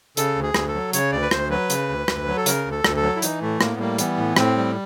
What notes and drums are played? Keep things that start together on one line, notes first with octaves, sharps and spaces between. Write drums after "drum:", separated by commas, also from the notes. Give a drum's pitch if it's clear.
C#3 A4, drum: hi-hat
D2
G#4
D2, drum: rim click
A4
F#3
C#3 C#5, drum: hi-hat
D2 D5
B4
D2 C5, drum: rim click
F#3 B4
C#3, drum: hi-hat
D2
D2, drum: rim click
F#3
A4
C#3 A#4, drum: hi-hat
D2
A4
D2, drum: rim click
A4
F#3
E4
E3 D#4, drum: hi-hat
A2 A3
A2 A#3, drum: rim click
B3
G3 A#3
E3 B3, drum: hi-hat
A2
A2 C4, drum: rim click
G3